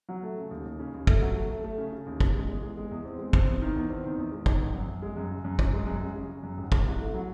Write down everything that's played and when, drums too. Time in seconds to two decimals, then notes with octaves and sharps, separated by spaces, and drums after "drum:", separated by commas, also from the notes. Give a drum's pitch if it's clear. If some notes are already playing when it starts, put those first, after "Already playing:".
0.09 F#3
0.23 A3
0.37 C#3
0.51 D#2
0.66 D#2
0.79 C#3
0.94 D#2
1.07 A3, drum: kick
1.22 F#3
1.36 A3
1.49 A3
1.64 A3
1.78 C#3
1.92 C#3
2.06 D#2
2.20 C#3, drum: kick
2.35 G#3
2.48 E2
2.63 G#3
2.77 G#3
2.91 E2
3.05 C4
3.19 G#3
3.33 C4, drum: kick
3.47 E2
3.62 D#3
3.76 E2
3.90 C4
4.04 D#3
4.18 E2
4.32 G#3
4.46 D#3, drum: kick
4.60 G#1
4.74 F#2
4.88 F#2
5.02 G#3
5.17 F#2
5.31 C#3
5.44 F#2
5.59 F#2, drum: kick
5.73 G#3
5.86 F#2
6.01 G#3
6.15 C#3
6.29 C#3
6.43 F#2
6.57 G#1
6.72 G#3, drum: kick
6.86 C2
6.99 A3
7.14 F#3